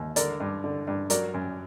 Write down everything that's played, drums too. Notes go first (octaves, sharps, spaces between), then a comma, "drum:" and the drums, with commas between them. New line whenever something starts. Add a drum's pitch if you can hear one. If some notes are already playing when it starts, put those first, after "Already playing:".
Already playing: D#2
D3 A#4 D5, drum: hi-hat
G2
D3
G2
F#3 A#4 D5, drum: hi-hat
F#2